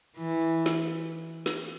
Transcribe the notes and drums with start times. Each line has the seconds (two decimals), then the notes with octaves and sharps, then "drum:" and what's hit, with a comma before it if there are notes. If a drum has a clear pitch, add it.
0.17 E3, drum: open hi-hat
0.66 drum: snare
1.46 drum: snare